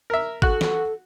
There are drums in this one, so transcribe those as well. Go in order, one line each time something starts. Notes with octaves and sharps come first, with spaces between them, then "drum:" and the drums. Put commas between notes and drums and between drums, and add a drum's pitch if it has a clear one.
A#4 E5
F#4 A4 F#6, drum: kick
drum: snare